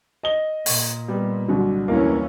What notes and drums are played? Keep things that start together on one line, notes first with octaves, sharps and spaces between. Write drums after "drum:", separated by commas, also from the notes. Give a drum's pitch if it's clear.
D#5 G7
A#2, drum: open hi-hat
G3 B3
C2 D3 F#3
D#2 A2 E3 A#3 C#4